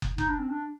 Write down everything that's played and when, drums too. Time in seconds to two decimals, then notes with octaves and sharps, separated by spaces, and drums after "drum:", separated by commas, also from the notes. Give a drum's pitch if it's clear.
0.02 drum: kick
0.18 D#4, drum: kick
0.29 D4
0.39 C4
0.50 D4